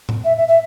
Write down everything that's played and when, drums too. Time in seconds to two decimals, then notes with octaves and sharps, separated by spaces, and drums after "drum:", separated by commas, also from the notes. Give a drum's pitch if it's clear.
0.09 drum: tom A2
0.24 E5
0.36 E5
0.47 E5